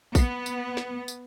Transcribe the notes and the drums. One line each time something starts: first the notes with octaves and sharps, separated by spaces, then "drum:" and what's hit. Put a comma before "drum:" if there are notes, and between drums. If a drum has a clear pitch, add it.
B3, drum: kick A#1, tambourine
drum: tambourine
drum: snare
drum: tambourine